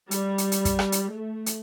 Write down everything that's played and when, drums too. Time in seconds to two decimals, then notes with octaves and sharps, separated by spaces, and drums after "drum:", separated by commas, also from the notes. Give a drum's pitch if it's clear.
0.11 G3, drum: hi-hat
0.38 drum: hi-hat
0.52 drum: hi-hat
0.65 drum: kick, hi-hat
0.79 drum: rim click
0.92 drum: hi-hat
1.11 A3
1.46 drum: hi-hat